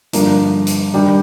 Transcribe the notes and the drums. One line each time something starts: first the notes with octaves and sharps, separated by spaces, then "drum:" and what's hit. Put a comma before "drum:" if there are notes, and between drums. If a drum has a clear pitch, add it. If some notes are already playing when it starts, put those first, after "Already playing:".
G2 D3 F3 A#3 D4, drum: hi-hat
drum: hi-hat
D#3 G3 D4 G4